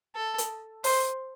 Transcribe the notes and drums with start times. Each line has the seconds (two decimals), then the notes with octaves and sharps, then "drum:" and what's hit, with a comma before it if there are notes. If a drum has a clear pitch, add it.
0.15 A4
0.38 drum: hi-hat
0.84 C5, drum: open hi-hat